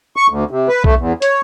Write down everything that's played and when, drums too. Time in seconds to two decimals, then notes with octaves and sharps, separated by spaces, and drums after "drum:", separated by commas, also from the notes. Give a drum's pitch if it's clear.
0.16 C#6
0.29 D2
0.51 C3
0.68 B4
0.84 A3, drum: kick B1
0.99 E2
1.22 C#5, drum: hi-hat